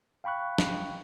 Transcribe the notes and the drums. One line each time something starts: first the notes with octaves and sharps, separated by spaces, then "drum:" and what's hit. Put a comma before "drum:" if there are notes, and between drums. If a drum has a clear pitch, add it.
F5 G5 B5 C#6 F#6
drum: snare